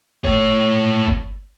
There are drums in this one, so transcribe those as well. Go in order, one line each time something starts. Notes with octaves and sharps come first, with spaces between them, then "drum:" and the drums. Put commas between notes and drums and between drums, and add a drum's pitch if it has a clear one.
A3 C#5, drum: kick G1
drum: kick G1